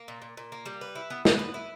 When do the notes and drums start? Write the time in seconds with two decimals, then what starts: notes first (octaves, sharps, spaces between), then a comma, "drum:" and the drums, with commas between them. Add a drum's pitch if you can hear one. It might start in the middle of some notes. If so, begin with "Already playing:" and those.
Already playing: A#3
0.08 A#2
0.22 A#2
0.37 A#2
0.52 A#3
0.66 G3
0.81 B4
0.95 E4
1.10 B3
1.25 B3, drum: snare
1.39 B4
1.54 E4